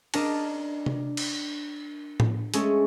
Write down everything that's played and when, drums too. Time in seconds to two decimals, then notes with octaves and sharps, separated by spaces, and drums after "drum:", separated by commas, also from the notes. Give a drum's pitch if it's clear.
0.14 D4 A#4 D5 D#5 A5, drum: cymbal
0.86 drum: tom C3
1.17 drum: cymbal
2.20 drum: tom A2
2.54 G#3 A3 C#4 A4, drum: hi-hat